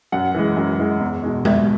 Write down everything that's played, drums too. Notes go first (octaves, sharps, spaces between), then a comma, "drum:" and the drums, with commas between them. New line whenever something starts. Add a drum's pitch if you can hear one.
F#2 F#5
E3 G#3
F#2
E3 G#3
E2
B2 G#3
E2 E5, drum: tom G#3